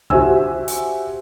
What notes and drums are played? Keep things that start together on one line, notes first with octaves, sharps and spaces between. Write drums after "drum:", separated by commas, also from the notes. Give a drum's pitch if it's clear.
F#4 G4 C5 E5 G#5 E6, drum: kick
drum: hi-hat